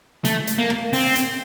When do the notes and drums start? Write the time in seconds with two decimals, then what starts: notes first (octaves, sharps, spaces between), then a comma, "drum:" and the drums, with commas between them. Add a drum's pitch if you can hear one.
0.25 A3, drum: hi-hat
0.47 drum: hi-hat
0.58 A#3
0.70 drum: rim click
0.93 C4, drum: open hi-hat
1.16 drum: hi-hat